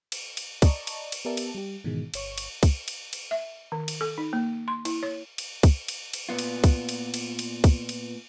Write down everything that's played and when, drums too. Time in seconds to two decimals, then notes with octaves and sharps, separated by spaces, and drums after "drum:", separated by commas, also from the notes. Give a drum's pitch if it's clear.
0.12 drum: cymbal
0.37 drum: cymbal
0.62 D5 D#5 A5 A#5 C#6, drum: kick, cymbal
0.87 drum: cymbal
1.12 drum: cymbal
1.25 B3 G4 A#4 D5 E5 A5
1.37 drum: cymbal
1.55 G3 G4
1.84 G#2 B2 D#3 E3 G#3
2.14 G1 C#5 C#6, drum: cymbal
2.38 drum: cymbal
2.63 drum: kick, cymbal
2.88 drum: cymbal
3.13 drum: cymbal
3.31 E5
3.72 D#3
3.88 drum: cymbal
4.01 A4
4.18 D#4
4.33 A#3
4.68 C6
4.85 E4, drum: cymbal
5.03 C#5
5.38 drum: cymbal
5.63 drum: kick, cymbal
5.88 drum: cymbal
6.14 drum: cymbal
6.29 A#2 B3 F4
6.39 drum: cymbal
6.64 drum: kick, cymbal
6.89 drum: cymbal
7.14 drum: cymbal
7.39 drum: cymbal
7.64 drum: kick, cymbal
7.89 drum: cymbal